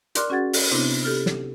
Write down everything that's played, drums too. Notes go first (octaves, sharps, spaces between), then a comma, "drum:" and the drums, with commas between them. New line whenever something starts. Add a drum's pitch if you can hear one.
A#4 D5 C6 D6 F6 F#6, drum: hi-hat
C#4 F#4 G#4 F#5 G#6 A6
drum: open hi-hat
C3 B3 C4 D4 E4
G4 A4 F6
drum: snare